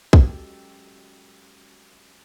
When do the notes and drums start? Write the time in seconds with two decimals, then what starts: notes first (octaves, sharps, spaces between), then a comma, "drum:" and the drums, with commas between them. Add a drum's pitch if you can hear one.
0.13 F#3 G#3 C#4 G4 A4, drum: kick